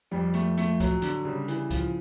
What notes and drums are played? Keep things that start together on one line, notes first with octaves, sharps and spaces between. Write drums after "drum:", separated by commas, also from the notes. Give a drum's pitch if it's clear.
F2 F3 G3
A3, drum: hi-hat
A3, drum: hi-hat
F#3, drum: kick C#2, hi-hat
D3, drum: hi-hat
C#3 G3
E3, drum: hi-hat
F3, drum: kick C#2, hi-hat